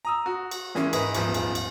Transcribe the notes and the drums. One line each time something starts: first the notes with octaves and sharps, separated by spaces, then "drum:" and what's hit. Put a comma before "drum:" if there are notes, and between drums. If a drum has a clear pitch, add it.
A#5 D#6 E6
F#4
drum: cymbal
C#3 E3 G#3 A#3 C#4 E4, drum: snare
G#2 G#4 B4 D#5 E5, drum: cymbal
D#1 E2 G#2 F3 B3, drum: cymbal
drum: cymbal
drum: cymbal